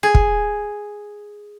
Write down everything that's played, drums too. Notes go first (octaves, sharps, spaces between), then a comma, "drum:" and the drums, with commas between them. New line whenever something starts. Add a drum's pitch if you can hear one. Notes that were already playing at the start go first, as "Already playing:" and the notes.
G#4
drum: kick